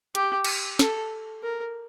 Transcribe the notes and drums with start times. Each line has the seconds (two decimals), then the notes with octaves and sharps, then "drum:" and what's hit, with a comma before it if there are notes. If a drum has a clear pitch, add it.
0.15 G4, drum: hi-hat
0.44 drum: cymbal
0.79 A4, drum: snare
1.43 A#4